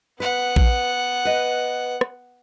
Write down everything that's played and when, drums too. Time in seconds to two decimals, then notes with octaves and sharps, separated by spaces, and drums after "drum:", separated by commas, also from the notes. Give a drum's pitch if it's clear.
0.20 B3 B4 F#5
0.56 drum: kick A#1
1.25 B4 D#5
2.01 drum: rim click